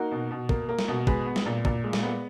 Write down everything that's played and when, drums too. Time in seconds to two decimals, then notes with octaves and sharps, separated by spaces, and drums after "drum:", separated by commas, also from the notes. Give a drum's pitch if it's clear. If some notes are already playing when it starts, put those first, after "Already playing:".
Already playing: A#3 D#4 F#4
0.12 B2
0.31 B2
0.49 A#3, drum: kick
0.69 A#3
0.79 drum: snare
0.88 B2
1.07 G#3 G#4 B4, drum: kick
1.26 B3
1.36 drum: snare
1.46 A#2
1.65 A#2, drum: kick
1.84 G#3
1.93 drum: snare
2.03 B3